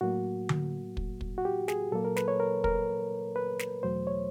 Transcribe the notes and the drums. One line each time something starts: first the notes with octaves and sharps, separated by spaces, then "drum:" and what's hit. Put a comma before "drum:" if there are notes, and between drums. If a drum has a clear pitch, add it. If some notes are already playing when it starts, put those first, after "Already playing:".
A2 F#3 A#3 F#4
drum: tom D3
drum: kick
drum: kick
F#4
G4
G#4, drum: snare
A#2 F#3 A#3 A4
A#4
B4, drum: snare
C#5
A#4
A#4, drum: kick
B4
drum: snare
E2 B2 F#3 A3 C5
C#5